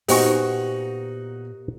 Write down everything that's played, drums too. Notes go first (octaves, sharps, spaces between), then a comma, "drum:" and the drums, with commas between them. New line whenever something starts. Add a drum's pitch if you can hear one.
A#2 B3 D#4 F#4 G4 C5 G#5 C#6, drum: open hi-hat